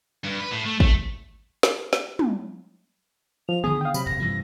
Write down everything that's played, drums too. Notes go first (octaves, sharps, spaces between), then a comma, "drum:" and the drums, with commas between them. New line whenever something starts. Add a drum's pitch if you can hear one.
G2
B4
A2
A3
A3, drum: kick
drum: snare
drum: snare
drum: tom
F3 F7
D3 D#3 B3 G#4 D#6
F5 G5
C3 F#3 B5, drum: tambourine
D#1 G#1 A#6
G2 E3 F3